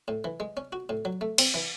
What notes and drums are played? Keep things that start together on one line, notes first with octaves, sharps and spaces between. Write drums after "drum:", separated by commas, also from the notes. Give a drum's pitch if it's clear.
A2
E3
G#3
C#4
F#4
A2
F#3
A3
C4, drum: cymbal
E3